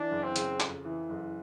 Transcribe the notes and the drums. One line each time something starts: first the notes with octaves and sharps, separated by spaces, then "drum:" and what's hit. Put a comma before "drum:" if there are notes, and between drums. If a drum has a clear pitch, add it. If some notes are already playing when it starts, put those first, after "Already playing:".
Already playing: E3 D4
F#1
C4
C#3, drum: hi-hat
F2, drum: clap
E3
F#1